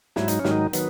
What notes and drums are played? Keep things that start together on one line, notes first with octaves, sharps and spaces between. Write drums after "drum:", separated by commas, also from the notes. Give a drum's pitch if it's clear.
G#2 F#3 E4, drum: snare
D#4, drum: hi-hat
C#4
G#2 D#3 F#3, drum: snare
D#4
D#3 F#3 B3, drum: hi-hat